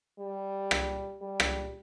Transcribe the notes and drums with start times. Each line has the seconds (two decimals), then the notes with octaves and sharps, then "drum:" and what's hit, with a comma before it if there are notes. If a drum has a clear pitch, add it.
0.19 G3
0.71 drum: rim click
1.22 G3
1.40 drum: rim click